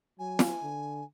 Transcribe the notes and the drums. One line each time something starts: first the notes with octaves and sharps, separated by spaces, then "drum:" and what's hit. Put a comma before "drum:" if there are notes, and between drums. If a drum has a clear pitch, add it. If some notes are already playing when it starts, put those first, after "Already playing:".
F#3 G#5
drum: snare
D3